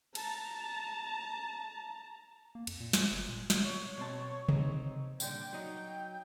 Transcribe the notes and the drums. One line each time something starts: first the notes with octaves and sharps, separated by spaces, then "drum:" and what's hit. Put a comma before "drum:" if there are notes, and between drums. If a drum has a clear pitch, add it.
A5 A#5, drum: cymbal
A#3
F2, drum: cymbal
A#2
F4, drum: snare
G1
A#2
drum: snare
C#5
B2 C4 A5
C4 D#4, drum: tom C3
A#2 D3 G3 G5, drum: tambourine
F#3 D#4